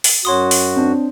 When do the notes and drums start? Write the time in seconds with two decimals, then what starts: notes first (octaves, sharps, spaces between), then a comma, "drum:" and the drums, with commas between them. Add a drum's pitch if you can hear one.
0.04 drum: open hi-hat
0.25 F#2 F#4 C#5 C6 D#6
0.51 drum: open hi-hat
0.76 C4 D4